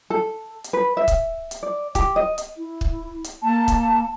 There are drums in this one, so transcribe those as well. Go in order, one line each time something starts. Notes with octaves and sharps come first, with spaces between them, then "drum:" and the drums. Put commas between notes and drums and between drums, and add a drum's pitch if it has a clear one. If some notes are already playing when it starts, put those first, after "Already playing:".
A4
drum: hi-hat
B4
E5
drum: kick, hi-hat
drum: hi-hat
D5
G4, drum: kick, hi-hat
D#5
drum: hi-hat
E4
drum: kick
drum: hi-hat
A#3 A5
drum: kick, hi-hat